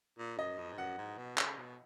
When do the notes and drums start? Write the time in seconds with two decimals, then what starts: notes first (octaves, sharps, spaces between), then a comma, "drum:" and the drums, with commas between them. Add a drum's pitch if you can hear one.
0.19 A#2
0.38 F#2 D#5
0.58 F2
0.72 G#2
0.78 F#2 F#5
0.98 G#2
1.18 B2
1.38 C#3, drum: clap
1.58 B2